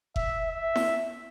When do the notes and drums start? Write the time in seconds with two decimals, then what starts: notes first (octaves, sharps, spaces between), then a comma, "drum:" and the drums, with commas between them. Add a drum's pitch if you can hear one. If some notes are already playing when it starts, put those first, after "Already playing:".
0.16 E5, drum: kick F#1
0.49 E5
0.76 drum: snare E4